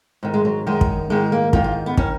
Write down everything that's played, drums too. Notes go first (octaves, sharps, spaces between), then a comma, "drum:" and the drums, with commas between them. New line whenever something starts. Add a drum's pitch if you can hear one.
G#2 D#3
G#3
F#3
F#2 D#3 G#3
drum: kick
G#2 D#3 G#3
A#3
G#2 D#3 F4, drum: kick
F4
B3
D#3 C#4, drum: kick